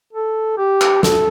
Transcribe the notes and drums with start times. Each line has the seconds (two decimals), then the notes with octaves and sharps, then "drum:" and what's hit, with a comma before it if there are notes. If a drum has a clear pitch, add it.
0.13 A4
0.58 G4
0.81 drum: clap
1.03 A4, drum: snare